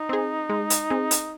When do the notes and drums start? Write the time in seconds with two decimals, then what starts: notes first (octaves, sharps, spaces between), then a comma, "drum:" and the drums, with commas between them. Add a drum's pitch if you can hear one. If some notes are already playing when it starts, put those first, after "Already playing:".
Already playing: D#4
0.09 C4 G#4
0.49 G#3
0.70 drum: hi-hat
0.90 C4 G#4
1.11 drum: hi-hat